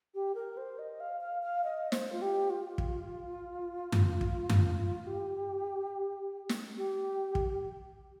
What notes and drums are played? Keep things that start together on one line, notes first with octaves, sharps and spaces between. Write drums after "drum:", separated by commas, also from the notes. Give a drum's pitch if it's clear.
G4
A#4
C5
D#5
F5
F5
F5
D#5
C5, drum: snare
F4
G4
F4
drum: kick
drum: tom F#2
drum: kick
drum: tom F#2
G4
drum: snare
G4
drum: kick